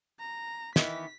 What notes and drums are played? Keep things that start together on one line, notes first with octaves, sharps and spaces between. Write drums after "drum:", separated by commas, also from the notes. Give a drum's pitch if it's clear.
A#5
D#3 E3 B3 B6, drum: snare